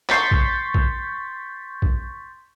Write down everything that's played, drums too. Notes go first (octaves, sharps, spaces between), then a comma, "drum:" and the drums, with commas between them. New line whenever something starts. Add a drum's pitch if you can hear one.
C6 C#6 G6 A6 B6, drum: clap
drum: kick
drum: kick
drum: kick